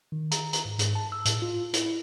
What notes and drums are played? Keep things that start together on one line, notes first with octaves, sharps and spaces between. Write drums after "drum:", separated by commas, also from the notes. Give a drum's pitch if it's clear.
D#3
A#5, drum: hi-hat
A#5, drum: hi-hat
G#2
G#2, drum: hi-hat
A5
E6
A2, drum: hi-hat
F4
E4, drum: hi-hat
E4